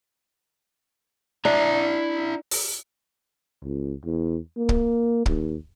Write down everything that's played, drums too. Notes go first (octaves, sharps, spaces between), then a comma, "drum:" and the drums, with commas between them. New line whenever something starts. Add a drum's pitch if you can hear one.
D4 E4 E5 A#5
drum: open hi-hat
C#2
E2
A#3
drum: kick
D#2, drum: kick